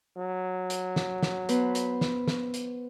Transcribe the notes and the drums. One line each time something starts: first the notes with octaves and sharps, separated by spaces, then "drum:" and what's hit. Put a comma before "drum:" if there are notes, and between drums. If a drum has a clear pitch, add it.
F#3
drum: hi-hat
drum: snare
drum: snare
B3 B4 C5, drum: hi-hat
drum: hi-hat
drum: snare
drum: snare
drum: hi-hat